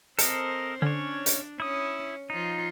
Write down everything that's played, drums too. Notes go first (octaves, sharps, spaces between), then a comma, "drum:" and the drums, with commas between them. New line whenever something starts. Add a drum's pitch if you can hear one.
C4 A4 A#4 C5 D#5, drum: hi-hat
D3 C#4 D4 C#5
drum: hi-hat
C#4 E4 D#6
F3 D#4 F4